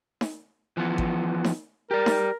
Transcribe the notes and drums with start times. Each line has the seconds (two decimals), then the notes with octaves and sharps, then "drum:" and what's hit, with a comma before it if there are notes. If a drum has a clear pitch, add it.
0.21 drum: snare D#4
0.77 E3 F3 B3
0.98 drum: kick
1.44 drum: snare D#4
1.91 G4 A#4 D5
2.06 drum: snare D#4